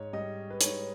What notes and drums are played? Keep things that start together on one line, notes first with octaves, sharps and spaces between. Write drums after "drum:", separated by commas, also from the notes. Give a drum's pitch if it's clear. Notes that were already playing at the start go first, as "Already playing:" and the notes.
Already playing: G#2 C#5
G3 D#5
B4
G#2 C#5, drum: hi-hat